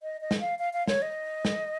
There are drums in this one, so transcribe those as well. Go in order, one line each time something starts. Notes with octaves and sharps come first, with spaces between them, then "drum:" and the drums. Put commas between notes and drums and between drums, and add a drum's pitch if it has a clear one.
D#5
D#5
drum: snare
F5
F5
F5
C#5, drum: snare
D#5
drum: snare